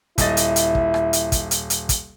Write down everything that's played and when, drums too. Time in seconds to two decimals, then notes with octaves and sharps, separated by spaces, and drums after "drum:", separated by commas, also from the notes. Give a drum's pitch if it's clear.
0.18 D#1 E4 D#5 A6, drum: kick, hi-hat
0.37 drum: hi-hat
0.56 drum: hi-hat
0.75 drum: kick
0.94 drum: rim click
1.13 drum: hi-hat
1.32 drum: kick, hi-hat
1.51 drum: hi-hat
1.70 drum: hi-hat
1.89 drum: kick, hi-hat